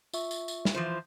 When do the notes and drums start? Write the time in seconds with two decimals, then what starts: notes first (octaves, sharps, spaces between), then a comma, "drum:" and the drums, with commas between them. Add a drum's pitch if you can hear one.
0.14 F4 E5 C#6, drum: tambourine
0.31 drum: tambourine
0.48 drum: tambourine
0.65 drum: snare
0.74 E3 F3 C5